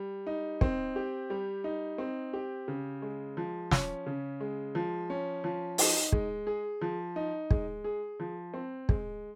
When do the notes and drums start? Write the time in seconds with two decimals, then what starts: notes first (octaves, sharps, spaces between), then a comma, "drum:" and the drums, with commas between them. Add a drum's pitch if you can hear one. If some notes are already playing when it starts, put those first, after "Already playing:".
Already playing: G3
0.27 D#4
0.61 C4, drum: kick
0.96 G4
1.30 G3
1.64 D#4
1.98 C4
2.33 G4
2.68 C#3
3.02 G#3
3.37 F3
3.71 C#4, drum: snare
4.06 C#3
4.40 G#3
4.75 F3
5.10 C#4
5.44 F3
5.78 D#4, drum: open hi-hat
6.12 G#3, drum: kick
6.47 G#4
6.81 F3
7.16 D#4
7.51 G#3, drum: kick
7.84 G#4
8.20 F3
8.54 C4
8.89 G#3, drum: kick